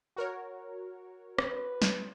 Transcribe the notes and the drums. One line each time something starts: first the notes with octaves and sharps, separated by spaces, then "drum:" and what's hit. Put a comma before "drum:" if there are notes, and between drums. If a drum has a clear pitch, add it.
F#4 A#4 C#5
B4, drum: rim click
drum: snare